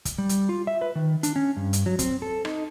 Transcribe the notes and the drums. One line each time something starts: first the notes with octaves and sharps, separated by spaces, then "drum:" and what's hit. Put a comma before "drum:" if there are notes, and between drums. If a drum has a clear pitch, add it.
drum: kick, hi-hat
G3
drum: hi-hat
F4
E5
B4
D#3
D4, drum: hi-hat
C#4
G2
drum: hi-hat
F#3
C4, drum: kick, hi-hat
A4
D#4, drum: rim click